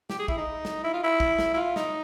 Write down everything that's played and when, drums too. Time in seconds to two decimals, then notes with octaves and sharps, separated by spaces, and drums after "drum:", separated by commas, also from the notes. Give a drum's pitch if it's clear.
0.10 G4, drum: snare
0.19 G#4
0.28 E4, drum: kick
0.38 D#4
0.65 drum: snare
0.84 E4
0.93 F4
1.03 E4
1.20 drum: kick
1.39 drum: snare
1.54 E4
1.57 F4
1.76 D#4, drum: snare